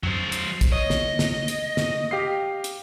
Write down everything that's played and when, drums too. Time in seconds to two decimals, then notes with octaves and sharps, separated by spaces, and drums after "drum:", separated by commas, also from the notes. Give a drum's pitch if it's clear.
0.03 F#3 C5, drum: tom
0.32 drum: hi-hat
0.61 drum: kick, hi-hat
0.72 C#5 D#5
0.90 drum: snare
1.19 drum: snare
1.48 drum: hi-hat
1.77 drum: snare
2.11 G4 F5 C7
2.64 drum: hi-hat